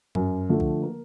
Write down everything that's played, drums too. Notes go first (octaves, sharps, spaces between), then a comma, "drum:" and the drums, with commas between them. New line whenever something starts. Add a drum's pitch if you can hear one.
F#2, drum: tom G2
D3 F3 A3
drum: kick B1
A#3 A#4